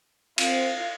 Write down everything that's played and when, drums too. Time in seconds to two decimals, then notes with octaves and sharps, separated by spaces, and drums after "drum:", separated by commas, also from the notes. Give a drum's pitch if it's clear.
0.38 C4 F4, drum: cymbal